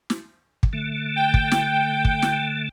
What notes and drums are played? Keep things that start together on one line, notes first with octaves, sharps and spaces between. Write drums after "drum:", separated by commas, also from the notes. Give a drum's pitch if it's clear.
drum: snare
drum: kick
D3 A3
G5
drum: kick
drum: snare
drum: kick
drum: snare